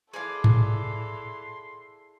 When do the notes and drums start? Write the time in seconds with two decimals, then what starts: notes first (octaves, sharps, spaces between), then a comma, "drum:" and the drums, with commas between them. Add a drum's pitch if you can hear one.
0.14 E3 G#4 A4 D5 F5 C6
0.44 drum: tom G#2